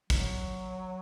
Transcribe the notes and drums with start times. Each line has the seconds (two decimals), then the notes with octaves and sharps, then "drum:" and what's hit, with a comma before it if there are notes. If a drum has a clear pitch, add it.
0.10 F#3, drum: kick, hi-hat